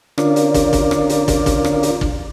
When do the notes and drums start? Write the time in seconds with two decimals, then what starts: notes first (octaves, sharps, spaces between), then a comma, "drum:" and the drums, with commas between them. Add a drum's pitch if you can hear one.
0.18 D3 C#4 D4 F4 A#4 D5, drum: rim click
0.36 drum: hi-hat
0.54 drum: kick, hi-hat
0.73 drum: kick, hi-hat
0.91 drum: rim click
1.09 drum: hi-hat
1.28 drum: kick, hi-hat
1.46 drum: kick, hi-hat
1.64 drum: rim click
1.83 drum: hi-hat
2.01 drum: kick